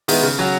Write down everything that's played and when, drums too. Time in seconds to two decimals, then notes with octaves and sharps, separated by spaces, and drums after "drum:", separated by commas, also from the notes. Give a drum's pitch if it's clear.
0.08 D#3 G#3 B3 E4, drum: open hi-hat
0.23 C#3
0.39 F#3 C#4 F#4